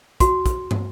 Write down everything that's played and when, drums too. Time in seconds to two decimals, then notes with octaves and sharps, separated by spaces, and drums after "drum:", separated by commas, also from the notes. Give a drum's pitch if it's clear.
0.20 F#4, drum: kick, hi-hat
0.46 drum: kick, hi-hat
0.71 drum: tom